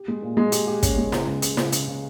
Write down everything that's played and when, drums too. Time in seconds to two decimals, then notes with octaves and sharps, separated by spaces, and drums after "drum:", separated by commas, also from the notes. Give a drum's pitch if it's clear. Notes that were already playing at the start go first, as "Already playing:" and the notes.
Already playing: G4
0.08 G#3
0.22 A#2
0.37 G#3
0.52 G4, drum: hi-hat
0.67 G4
0.83 C#4, drum: kick, hi-hat
0.98 G#3
1.12 C#2, drum: snare
1.27 C#2
1.42 C#3, drum: hi-hat
1.57 C#3, drum: snare
1.73 C#3, drum: hi-hat
1.87 C#3